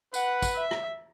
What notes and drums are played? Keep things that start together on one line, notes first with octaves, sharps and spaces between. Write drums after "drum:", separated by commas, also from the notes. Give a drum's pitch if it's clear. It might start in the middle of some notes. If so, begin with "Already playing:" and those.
B4 F#5, drum: tambourine
drum: kick, tambourine
E5
drum: rim click